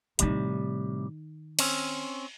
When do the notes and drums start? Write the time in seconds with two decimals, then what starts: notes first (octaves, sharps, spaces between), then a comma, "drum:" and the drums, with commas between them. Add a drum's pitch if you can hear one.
0.19 A2 C3 D#3 G3 D#4, drum: hi-hat
1.59 C4 C#4, drum: cymbal